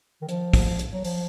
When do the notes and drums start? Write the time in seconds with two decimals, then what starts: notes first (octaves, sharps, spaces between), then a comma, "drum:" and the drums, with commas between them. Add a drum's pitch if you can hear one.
0.22 D#3
0.28 F3, drum: hi-hat
0.54 drum: kick, open hi-hat
0.79 drum: hi-hat
0.92 F#3
1.04 F3, drum: open hi-hat